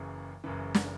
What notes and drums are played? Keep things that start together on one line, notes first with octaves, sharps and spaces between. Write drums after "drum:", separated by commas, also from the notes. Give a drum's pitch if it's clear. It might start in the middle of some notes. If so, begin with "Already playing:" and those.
Already playing: F#1 F#2 C#3 E3
F#1 F#2 C#3 E3
drum: snare